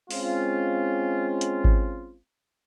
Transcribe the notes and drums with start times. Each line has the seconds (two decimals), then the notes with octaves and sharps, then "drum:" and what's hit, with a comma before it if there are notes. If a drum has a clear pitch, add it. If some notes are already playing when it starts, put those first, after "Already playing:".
0.10 G#3 C4 C#4 F4, drum: open hi-hat
1.41 drum: hi-hat
1.64 drum: kick G#1